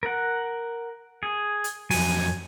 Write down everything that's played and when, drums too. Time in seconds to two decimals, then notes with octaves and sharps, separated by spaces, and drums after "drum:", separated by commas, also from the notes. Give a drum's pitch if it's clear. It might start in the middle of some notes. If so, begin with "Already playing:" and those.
0.03 A#4 F#5
1.23 G#4
1.64 drum: hi-hat
1.91 F2 F#3 G#5, drum: open hi-hat